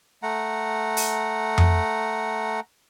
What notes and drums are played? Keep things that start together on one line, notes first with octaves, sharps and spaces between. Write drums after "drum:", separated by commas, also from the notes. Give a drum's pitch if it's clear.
A3 F#5 A#5
drum: open hi-hat
drum: tom F2